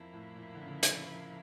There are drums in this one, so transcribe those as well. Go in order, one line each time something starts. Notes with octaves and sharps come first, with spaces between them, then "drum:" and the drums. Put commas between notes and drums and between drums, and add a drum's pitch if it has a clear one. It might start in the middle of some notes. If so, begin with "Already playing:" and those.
Already playing: F2 F3 A#3 E4
A2
A#2
D3
C#3
D3
drum: hi-hat